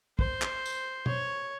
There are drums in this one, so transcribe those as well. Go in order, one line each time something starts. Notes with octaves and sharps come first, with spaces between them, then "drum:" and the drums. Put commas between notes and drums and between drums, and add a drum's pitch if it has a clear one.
C5, drum: kick
drum: clap
drum: tambourine
C#5, drum: tom B2